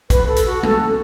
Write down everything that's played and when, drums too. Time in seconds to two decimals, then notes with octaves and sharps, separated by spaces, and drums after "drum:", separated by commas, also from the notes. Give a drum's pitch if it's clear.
0.10 B4, drum: kick, hi-hat
0.27 A4
0.36 drum: hi-hat
0.46 F#4
0.63 A4, drum: tom G3